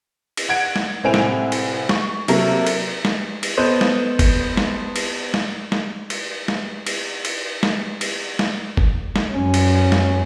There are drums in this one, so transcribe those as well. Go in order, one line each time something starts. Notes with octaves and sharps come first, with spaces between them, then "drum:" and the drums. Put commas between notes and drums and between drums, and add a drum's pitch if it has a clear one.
drum: cymbal
F#5 G#6 D7
drum: snare
C2 A2 C4 G#5 D7 F7
drum: snare
drum: cymbal
C#6, drum: snare
C3 F#3 A#3 A4 A#4, drum: cymbal
drum: cymbal
drum: snare
drum: cymbal
B3 A4 B4 C5 D#5
drum: snare
drum: kick, cymbal
drum: snare
drum: cymbal
drum: snare
drum: snare
drum: cymbal
drum: snare
drum: cymbal
drum: cymbal
drum: snare
drum: cymbal
drum: snare
drum: kick
drum: snare
F#2 C#4
drum: cymbal
drum: snare